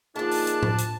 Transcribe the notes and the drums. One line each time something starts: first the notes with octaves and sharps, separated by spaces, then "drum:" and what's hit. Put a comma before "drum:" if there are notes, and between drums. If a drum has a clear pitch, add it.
D3 F3 A#3 D4 D#4 G#4 A5
drum: open hi-hat
drum: hi-hat
drum: tom A2
drum: hi-hat